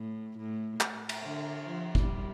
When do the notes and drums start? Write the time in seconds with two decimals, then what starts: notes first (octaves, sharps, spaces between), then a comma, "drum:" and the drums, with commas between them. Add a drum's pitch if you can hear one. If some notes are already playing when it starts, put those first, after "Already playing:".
Already playing: A2
0.37 A2
0.80 drum: clap
1.09 drum: cymbal
1.23 D3
1.66 F3
1.95 G3, drum: kick